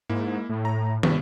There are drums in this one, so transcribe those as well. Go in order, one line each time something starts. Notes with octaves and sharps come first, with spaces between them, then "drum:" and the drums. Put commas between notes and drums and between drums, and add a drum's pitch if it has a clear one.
G#2 A#3 E4
A2
A#5
G2 C3, drum: tom